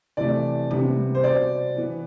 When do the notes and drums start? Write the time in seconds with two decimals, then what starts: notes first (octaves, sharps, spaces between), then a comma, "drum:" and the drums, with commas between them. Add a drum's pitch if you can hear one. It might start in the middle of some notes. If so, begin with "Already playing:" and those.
0.17 C3 E3 A3 D5
0.70 C3 G3 B3, drum: tom
1.15 C5
1.23 B2 B3 D5
1.77 E3 B3